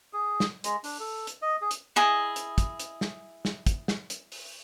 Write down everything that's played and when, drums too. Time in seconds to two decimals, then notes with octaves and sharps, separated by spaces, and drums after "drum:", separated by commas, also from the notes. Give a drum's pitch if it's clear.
0.13 G#4
0.40 drum: snare
0.64 G#3, drum: hi-hat
0.84 D4, drum: open hi-hat
1.00 A4
1.27 drum: hi-hat
1.42 D#5
1.61 G#4
1.71 drum: hi-hat
1.96 E4 G#4 D#5
2.36 drum: hi-hat
2.58 drum: kick, hi-hat
2.80 drum: hi-hat
3.01 drum: snare
3.45 drum: snare
3.67 drum: kick, hi-hat
3.88 drum: snare
4.10 drum: hi-hat
4.32 drum: open hi-hat